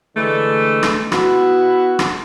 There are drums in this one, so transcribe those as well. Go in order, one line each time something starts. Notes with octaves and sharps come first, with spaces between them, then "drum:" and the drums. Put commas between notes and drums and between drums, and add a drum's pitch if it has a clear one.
D3 E3 G#3 A3
drum: rim click
B3 E4 F#4, drum: rim click
drum: rim click